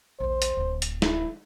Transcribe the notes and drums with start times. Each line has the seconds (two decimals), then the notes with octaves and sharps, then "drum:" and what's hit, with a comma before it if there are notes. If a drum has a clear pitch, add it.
0.20 A#1 D#2 C5
0.42 drum: hi-hat
0.57 D1 D3
0.82 drum: hi-hat
1.02 E4, drum: snare